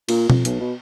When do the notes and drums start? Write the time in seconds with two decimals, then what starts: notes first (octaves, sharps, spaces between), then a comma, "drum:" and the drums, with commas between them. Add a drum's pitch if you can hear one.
0.09 A#2, drum: cymbal
0.30 F2, drum: tom B2
0.45 B1, drum: hi-hat
0.60 B2